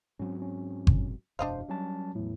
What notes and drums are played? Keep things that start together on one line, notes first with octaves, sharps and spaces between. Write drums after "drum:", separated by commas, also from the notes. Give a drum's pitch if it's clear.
G#2 F#3 C4 C#4
C#4
drum: kick G1
E1 F#2 B2 D4 C5 D#5 F5
F#3 G3 C#4 A5
E2 A2